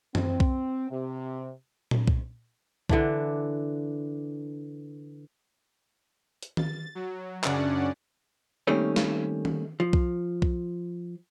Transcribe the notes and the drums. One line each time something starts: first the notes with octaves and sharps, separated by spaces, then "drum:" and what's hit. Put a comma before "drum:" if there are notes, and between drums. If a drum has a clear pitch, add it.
C4, drum: tom F#2
drum: kick B1
C3
drum: tom A#2
drum: kick B1
D3 E3 D4, drum: kick B1
drum: hi-hat
A6, drum: tom D#3
F#3
F#2 C#3 C#4 D4 D5 F#5, drum: clap
D#3 G3 A3 A#3 C4 C#4
drum: snare
drum: tom D#3
F3
drum: kick B1
drum: kick B1